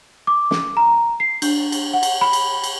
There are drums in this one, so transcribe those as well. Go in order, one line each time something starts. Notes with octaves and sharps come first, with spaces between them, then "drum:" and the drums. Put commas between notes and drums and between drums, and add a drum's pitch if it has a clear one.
D6
drum: snare
A#5
C7
D4, drum: cymbal
drum: cymbal
F#5
drum: cymbal
B5
drum: cymbal
drum: cymbal